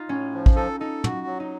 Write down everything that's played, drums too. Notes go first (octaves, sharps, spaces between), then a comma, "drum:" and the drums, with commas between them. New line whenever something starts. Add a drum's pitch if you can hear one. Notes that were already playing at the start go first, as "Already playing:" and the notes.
Already playing: D#4 F4
A2 C#4
F3
drum: kick A1
D#4 A4
D#4 A4
F#4, drum: tom
F#3
D#4